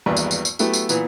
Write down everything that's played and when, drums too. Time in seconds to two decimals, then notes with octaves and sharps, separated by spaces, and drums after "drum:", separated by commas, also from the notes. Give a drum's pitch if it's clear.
0.06 G#1 E2 G2 A#3 B4 D5
0.17 drum: tambourine
0.31 drum: tambourine
0.45 drum: tambourine
0.59 F#3 A3 B3 E4 G4, drum: tambourine
0.74 drum: tambourine
0.89 A#2 E3 B3, drum: tambourine